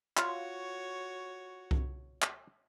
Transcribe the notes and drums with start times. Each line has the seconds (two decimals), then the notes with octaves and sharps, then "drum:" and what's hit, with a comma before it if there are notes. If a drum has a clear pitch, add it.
0.17 F4 F#4 C#5, drum: clap
1.71 drum: kick C2
2.22 drum: clap